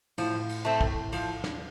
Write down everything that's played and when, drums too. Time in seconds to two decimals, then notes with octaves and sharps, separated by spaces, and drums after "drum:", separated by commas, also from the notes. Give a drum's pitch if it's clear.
0.18 A2 F3, drum: cymbal
0.49 drum: cymbal
0.65 A3 C4
0.81 drum: kick
1.13 F3, drum: cymbal
1.44 drum: snare